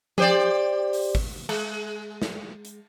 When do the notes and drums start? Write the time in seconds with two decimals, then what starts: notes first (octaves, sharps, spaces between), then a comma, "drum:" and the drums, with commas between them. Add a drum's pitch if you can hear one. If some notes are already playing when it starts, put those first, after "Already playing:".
0.18 G4 C5 D5, drum: tom F3
0.93 drum: open hi-hat
1.15 drum: kick G#1
1.49 G#3, drum: cymbal
2.22 drum: snare
2.65 drum: hi-hat